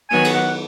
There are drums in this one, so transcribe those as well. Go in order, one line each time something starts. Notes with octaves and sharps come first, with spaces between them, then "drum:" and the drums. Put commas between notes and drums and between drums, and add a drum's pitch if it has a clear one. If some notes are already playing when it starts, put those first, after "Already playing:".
D#3 F#3 B3 F#4 C#5 G#5
drum: cymbal
F#5